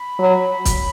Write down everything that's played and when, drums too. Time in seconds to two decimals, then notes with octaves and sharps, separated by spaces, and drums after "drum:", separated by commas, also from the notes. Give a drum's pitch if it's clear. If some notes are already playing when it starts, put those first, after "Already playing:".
Already playing: B5
0.19 F#3
0.65 drum: kick, hi-hat